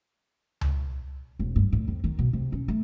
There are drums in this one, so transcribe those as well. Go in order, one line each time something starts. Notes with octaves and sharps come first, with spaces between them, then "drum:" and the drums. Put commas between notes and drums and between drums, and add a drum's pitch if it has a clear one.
drum: tom C#2
E1
G2
A2
F2
D#3
B2
C3
C#4
A3